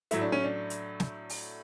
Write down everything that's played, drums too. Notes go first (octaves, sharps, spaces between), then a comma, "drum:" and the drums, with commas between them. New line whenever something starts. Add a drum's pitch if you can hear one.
A2 F#3 A3 E4, drum: hi-hat
D4
C#4
D4
drum: hi-hat
drum: snare
drum: open hi-hat